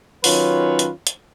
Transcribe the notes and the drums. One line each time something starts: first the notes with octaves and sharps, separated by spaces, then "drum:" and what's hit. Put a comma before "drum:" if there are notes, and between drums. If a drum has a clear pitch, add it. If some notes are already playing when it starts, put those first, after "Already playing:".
D#3 F#3 C#4 F4 B4 C#5, drum: open hi-hat
drum: hi-hat
drum: hi-hat